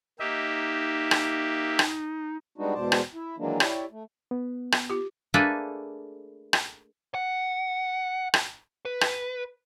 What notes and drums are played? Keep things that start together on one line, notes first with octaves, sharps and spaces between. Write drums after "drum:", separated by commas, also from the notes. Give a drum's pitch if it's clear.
A#3 D#4 G4 E5
drum: rim click
drum: rim click
G3 G#3 B3 D4 D#4 F#4
E2 G#2 B2 C5 D5 A5
drum: rim click
E4
D#3 E3 F#3 G#3 A#3 D4
E4 G4 C#5 D5, drum: rim click
A3
B3
drum: rim click
F4 G4
A3 A#3 D4 G#4 A4 B4
drum: rim click
F#5
drum: rim click
B4
drum: rim click